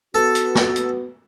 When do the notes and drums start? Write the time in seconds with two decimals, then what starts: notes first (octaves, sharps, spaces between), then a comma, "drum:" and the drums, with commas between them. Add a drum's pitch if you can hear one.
0.15 B3 F#4 A4
0.35 drum: hi-hat
0.55 drum: snare
0.76 drum: hi-hat